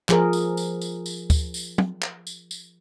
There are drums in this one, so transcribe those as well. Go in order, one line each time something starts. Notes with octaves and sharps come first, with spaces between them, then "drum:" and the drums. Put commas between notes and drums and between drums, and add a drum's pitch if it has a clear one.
F3 G#4 A#4, drum: clap
drum: tambourine
drum: tambourine
drum: tambourine
drum: tambourine
drum: kick D2, tambourine
drum: tambourine
drum: tom
drum: clap
drum: tambourine
drum: tambourine